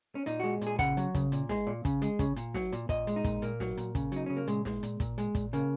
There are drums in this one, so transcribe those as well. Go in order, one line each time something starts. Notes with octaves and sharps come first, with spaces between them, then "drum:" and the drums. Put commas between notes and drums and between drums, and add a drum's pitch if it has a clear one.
C#4
A#2 D#4, drum: hi-hat
G#3 F#4
A#2, drum: hi-hat
G#4
C#3 F#5, drum: kick, hi-hat
F#3, drum: hi-hat
C#3, drum: kick, hi-hat
A#2, drum: hi-hat
G#3, drum: snare
A#2
C#3, drum: kick, hi-hat
G#3, drum: hi-hat
C#3, drum: kick, hi-hat
A#2, drum: hi-hat
F#3, drum: snare
A#2, drum: hi-hat
A#2 D#5, drum: kick, hi-hat
G#3, drum: hi-hat
D#4
A#2, drum: kick, hi-hat
A#2 A#3, drum: hi-hat
F#3, drum: snare
A#2, drum: hi-hat
C#3, drum: kick, hi-hat
F#3 D#4, drum: hi-hat
C#3 C#4
A#3
A#2 G#3, drum: hi-hat
G#3, drum: snare
A#2, drum: hi-hat
A#2, drum: kick, hi-hat
G#3, drum: hi-hat
A#2, drum: kick, hi-hat
C#3 A#3, drum: hi-hat